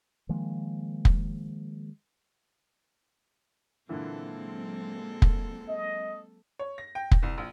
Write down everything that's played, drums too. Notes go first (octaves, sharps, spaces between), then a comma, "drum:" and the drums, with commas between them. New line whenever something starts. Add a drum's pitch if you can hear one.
D#3 F3 G#3 A#3
drum: kick
A#2 D3 E3 F#3 G#3 A#3 C4 A4
drum: kick
D#5
C#5
A#6
G5
drum: kick
C2
A#1